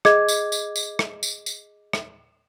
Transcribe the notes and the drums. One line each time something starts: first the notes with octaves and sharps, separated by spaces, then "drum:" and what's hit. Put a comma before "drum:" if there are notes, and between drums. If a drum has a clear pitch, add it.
G#4 D#5 D6 G#6, drum: rim click
drum: tambourine
drum: tambourine
drum: tambourine
drum: rim click
drum: tambourine
drum: tambourine
drum: rim click